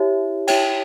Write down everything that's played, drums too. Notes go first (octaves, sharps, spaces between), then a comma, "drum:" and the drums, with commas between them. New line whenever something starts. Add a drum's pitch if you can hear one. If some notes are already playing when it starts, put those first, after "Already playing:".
Already playing: E4 G4 C#5 E5
E4 G4 C#5 E5 G5, drum: cymbal